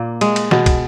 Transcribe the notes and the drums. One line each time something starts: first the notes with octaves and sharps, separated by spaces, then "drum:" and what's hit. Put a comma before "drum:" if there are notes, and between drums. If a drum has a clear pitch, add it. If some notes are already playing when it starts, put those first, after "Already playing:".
Already playing: A#2 A#3
G#3, drum: cymbal
drum: cymbal
B2, drum: snare
drum: kick, cymbal